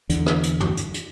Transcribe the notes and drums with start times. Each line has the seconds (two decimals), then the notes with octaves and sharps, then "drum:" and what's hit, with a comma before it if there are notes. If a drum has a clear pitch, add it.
0.10 E2 D3, drum: hi-hat
0.26 drum: rim click
0.43 drum: hi-hat
0.60 drum: tom
0.77 drum: hi-hat
0.94 drum: hi-hat